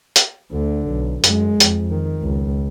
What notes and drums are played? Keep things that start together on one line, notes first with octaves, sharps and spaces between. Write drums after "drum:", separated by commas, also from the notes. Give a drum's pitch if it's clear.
drum: hi-hat
D2 D3
B1
F#2 G#3, drum: hi-hat
F2, drum: hi-hat
D#3
C#2